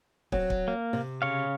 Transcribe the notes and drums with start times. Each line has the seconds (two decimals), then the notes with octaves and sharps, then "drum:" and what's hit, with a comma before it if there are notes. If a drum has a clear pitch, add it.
0.32 F#3 C4, drum: kick
0.50 drum: kick
0.68 A#3
0.93 C3
1.22 C#3 C#5 F5